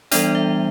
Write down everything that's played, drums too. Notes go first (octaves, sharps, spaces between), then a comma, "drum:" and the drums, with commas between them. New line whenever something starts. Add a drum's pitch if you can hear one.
E3 G3 B3 D4 D5, drum: hi-hat
E5